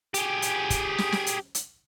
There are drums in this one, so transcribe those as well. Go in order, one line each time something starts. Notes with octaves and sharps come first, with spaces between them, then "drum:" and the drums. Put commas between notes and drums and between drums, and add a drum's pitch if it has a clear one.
G4 G#4, drum: hi-hat
drum: hi-hat
drum: kick, hi-hat
drum: snare
drum: snare
drum: hi-hat
drum: hi-hat